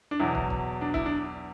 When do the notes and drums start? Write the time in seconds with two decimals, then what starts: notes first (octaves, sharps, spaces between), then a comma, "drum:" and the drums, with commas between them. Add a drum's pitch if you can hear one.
0.11 D4
0.19 E2 B2 F#3 E4
0.35 drum: kick
0.50 drum: kick
0.81 D4
0.94 E4, drum: kick
1.06 D4